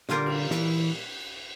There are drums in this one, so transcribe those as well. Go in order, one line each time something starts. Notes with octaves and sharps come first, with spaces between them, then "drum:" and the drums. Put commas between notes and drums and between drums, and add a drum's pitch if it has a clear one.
A#2 D3 G3 A#3 F4 A#4, drum: snare
drum: cymbal
E3, drum: snare